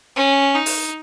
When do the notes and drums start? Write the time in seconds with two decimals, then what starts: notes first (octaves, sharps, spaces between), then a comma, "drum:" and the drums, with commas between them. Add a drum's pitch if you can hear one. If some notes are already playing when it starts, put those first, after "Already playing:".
0.16 C#4
0.55 D#4
0.66 drum: open hi-hat